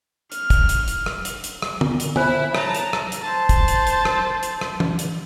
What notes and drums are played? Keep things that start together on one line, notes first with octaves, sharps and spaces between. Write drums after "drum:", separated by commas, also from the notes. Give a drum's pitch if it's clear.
F6, drum: hi-hat
drum: kick, hi-hat
drum: hi-hat
drum: hi-hat
drum: rim click
drum: hi-hat
drum: hi-hat
drum: rim click
drum: tom
drum: hi-hat
E4 C5 G#5, drum: tom
C#5 A5 A#5, drum: rim click
drum: hi-hat
drum: rim click
drum: hi-hat
C5 A5
drum: kick, hi-hat
drum: hi-hat
drum: hi-hat
drum: rim click
drum: hi-hat
drum: rim click
drum: tom
drum: hi-hat